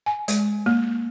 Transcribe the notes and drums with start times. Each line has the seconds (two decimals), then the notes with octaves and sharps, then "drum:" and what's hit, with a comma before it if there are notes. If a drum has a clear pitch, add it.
0.06 G#5
0.28 G#3, drum: hi-hat
0.66 A#3